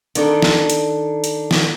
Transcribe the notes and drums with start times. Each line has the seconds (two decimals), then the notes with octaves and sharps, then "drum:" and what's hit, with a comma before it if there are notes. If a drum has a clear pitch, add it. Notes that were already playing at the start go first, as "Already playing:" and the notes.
0.15 D#3 D4 A4, drum: hi-hat
0.42 drum: snare
0.70 drum: hi-hat
1.24 drum: hi-hat
1.51 drum: snare